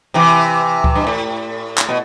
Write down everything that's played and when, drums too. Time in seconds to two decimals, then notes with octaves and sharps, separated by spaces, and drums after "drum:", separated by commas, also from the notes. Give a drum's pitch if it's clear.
0.14 C3 E3
0.84 drum: kick C#2
0.95 G2
1.07 A2
1.78 drum: clap
1.89 B2